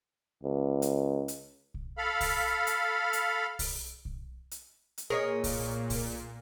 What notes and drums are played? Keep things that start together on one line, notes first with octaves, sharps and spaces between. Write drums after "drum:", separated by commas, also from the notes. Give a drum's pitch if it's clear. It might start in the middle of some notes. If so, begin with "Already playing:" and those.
C#2
drum: hi-hat
drum: hi-hat
drum: kick B1
A4 F5 B5
drum: kick B1, open hi-hat
drum: hi-hat
drum: hi-hat
drum: kick B1, open hi-hat
drum: kick B1
drum: hi-hat
drum: hi-hat
A#2 G#4 A#4 C#5 D#5
drum: kick B1, open hi-hat
drum: kick B1, open hi-hat